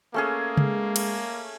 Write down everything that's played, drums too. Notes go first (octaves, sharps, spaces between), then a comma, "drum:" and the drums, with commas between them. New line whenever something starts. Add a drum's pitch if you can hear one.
A3 A#3 C#4 G#4
G#3, drum: tom C#3
drum: cymbal